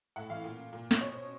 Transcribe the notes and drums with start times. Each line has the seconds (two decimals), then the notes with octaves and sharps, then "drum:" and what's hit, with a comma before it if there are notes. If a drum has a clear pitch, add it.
0.16 A2 F#5
0.30 E3 F5
0.44 A#2
0.73 A#2
0.91 drum: snare
1.00 B2 C#5
1.14 C5